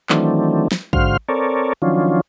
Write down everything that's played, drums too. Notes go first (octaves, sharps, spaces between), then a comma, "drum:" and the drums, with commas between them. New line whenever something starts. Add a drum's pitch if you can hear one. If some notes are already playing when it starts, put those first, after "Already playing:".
D#3 E3 F#3 A3 C4 D4, drum: clap
drum: snare
G#2 D3 F#4 C5 F5 F6, drum: kick
C4 A4 A#4 C#5 D5
D#3 F3 F#3 C#4 D4 F4